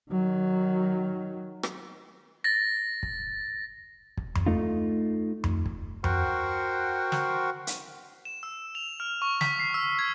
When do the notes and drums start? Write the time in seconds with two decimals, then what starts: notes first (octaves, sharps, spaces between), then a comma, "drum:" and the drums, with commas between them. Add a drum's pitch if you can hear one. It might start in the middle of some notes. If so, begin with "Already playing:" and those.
0.11 D#3 F#3
1.63 drum: rim click
2.44 A6 A#6
3.03 drum: kick
4.17 drum: kick
4.35 drum: tom F2
4.46 A3 D#4 F4
5.44 drum: tom F2
5.66 drum: kick
6.04 F#4 A#4 C5 F#5 G5 C#6, drum: tom F2
7.12 drum: snare
7.67 drum: hi-hat
8.25 E7
8.43 E6
8.75 F7
9.00 F6
9.22 C#6
9.41 B6, drum: snare
9.60 C7
9.74 E6
9.99 G#6